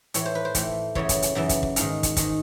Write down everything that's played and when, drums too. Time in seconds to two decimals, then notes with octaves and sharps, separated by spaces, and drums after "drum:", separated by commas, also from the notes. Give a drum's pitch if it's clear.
0.14 A2 E3 C#5, drum: hi-hat
0.25 C5
0.35 B4
0.45 C5
0.55 A2 E3, drum: kick, hi-hat
0.95 F#2 C#3 E3 C#5, drum: kick
1.09 drum: kick, hi-hat
1.22 drum: hi-hat
1.35 F#2 C#3 E3 E5
1.49 drum: kick, hi-hat
1.63 drum: kick
1.76 G#2 D#3 F5, drum: hi-hat
2.03 drum: kick, hi-hat
2.17 G#2 D#3, drum: kick, hi-hat